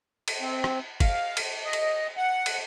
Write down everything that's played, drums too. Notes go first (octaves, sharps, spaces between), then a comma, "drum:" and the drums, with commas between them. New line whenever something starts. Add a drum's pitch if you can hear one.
drum: cymbal
C4
drum: rim click
F5, drum: kick, cymbal
drum: cymbal
D#5
drum: cymbal
F#5
drum: cymbal